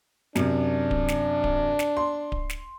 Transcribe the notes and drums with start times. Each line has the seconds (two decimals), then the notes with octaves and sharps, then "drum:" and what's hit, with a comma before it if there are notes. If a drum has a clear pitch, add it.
0.36 F#2 C3 D4, drum: snare
0.91 drum: kick D1
1.08 drum: snare
1.44 drum: kick D1
1.79 drum: snare
1.97 C6
2.32 drum: kick D1
2.50 drum: snare